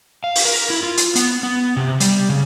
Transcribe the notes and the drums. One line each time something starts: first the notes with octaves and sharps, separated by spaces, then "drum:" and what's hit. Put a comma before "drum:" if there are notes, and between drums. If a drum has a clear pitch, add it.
F5
drum: open hi-hat
A#4
E4
F4
drum: hi-hat
B3, drum: hi-hat
B3
C3
G3, drum: hi-hat
C#3